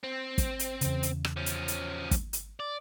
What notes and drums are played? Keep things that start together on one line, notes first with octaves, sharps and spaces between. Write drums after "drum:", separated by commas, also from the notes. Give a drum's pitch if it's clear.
C4
drum: kick, hi-hat
drum: hi-hat
E2 C#3, drum: hi-hat
drum: hi-hat
drum: rim click
F3 C#4
drum: hi-hat
drum: hi-hat
drum: kick, hi-hat
drum: hi-hat
D5